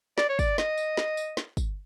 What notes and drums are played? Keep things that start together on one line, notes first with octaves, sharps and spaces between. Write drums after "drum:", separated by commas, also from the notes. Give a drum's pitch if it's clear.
D5, drum: snare
C#5
D5, drum: kick, tambourine
D#5, drum: snare
drum: tambourine
drum: snare
drum: tambourine
drum: snare
drum: kick, tambourine